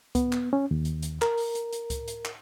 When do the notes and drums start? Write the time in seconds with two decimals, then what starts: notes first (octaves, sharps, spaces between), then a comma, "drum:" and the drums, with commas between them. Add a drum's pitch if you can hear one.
0.15 B3, drum: kick C#2, hi-hat
0.32 drum: clap
0.53 C#4
0.71 D#2
0.85 drum: hi-hat
1.03 drum: hi-hat
1.22 A#4, drum: clap
1.38 drum: open hi-hat
1.55 drum: hi-hat
1.73 drum: hi-hat
1.90 drum: kick C#2, hi-hat
2.08 drum: hi-hat
2.25 drum: clap